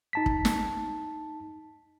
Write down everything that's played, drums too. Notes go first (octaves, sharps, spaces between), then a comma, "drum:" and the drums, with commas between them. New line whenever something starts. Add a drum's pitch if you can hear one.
D#4 A5 B6
drum: kick
drum: snare